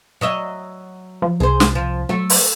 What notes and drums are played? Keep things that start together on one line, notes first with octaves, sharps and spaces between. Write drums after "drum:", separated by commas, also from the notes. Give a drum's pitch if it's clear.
F#3 D#5 E5
F3
C2 G#4 C5
drum: snare
F3
F#3 A3
drum: open hi-hat